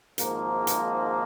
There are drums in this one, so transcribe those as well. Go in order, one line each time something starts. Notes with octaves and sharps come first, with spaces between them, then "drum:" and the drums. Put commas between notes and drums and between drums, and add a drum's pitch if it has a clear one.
G#1 G#2 F3 A#3, drum: hi-hat
drum: hi-hat